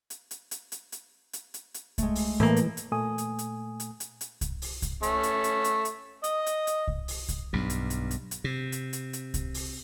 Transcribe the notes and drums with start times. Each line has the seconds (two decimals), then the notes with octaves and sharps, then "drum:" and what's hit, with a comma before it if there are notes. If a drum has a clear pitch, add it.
0.10 drum: hi-hat
0.31 drum: hi-hat
0.51 drum: hi-hat
0.72 drum: hi-hat
0.92 drum: hi-hat
1.33 drum: hi-hat
1.54 drum: hi-hat
1.74 drum: hi-hat
1.98 G#3 A3, drum: kick C2, hi-hat
2.15 drum: open hi-hat
2.40 A2 E3 A#3
2.56 drum: hi-hat
2.77 drum: hi-hat
2.92 A#2 A3 G#5 D#6
3.18 drum: hi-hat
3.39 drum: hi-hat
3.80 drum: hi-hat
4.00 drum: hi-hat
4.21 drum: hi-hat
4.41 drum: kick C2, hi-hat
4.62 drum: open hi-hat
4.82 drum: kick C2, hi-hat
5.03 A3 C#4, drum: hi-hat
5.23 drum: hi-hat
5.44 drum: hi-hat
5.64 drum: hi-hat
5.85 drum: hi-hat
6.24 D#5, drum: hi-hat
6.46 drum: hi-hat
6.67 drum: hi-hat
6.88 drum: kick C2
7.08 drum: open hi-hat
7.29 drum: kick C2, hi-hat
7.53 B1 G2
7.70 drum: hi-hat
7.90 drum: hi-hat
8.11 drum: hi-hat
8.31 drum: hi-hat
8.44 C3
8.72 drum: hi-hat
8.93 drum: hi-hat
9.13 drum: hi-hat
9.34 drum: kick C2, hi-hat
9.54 drum: open hi-hat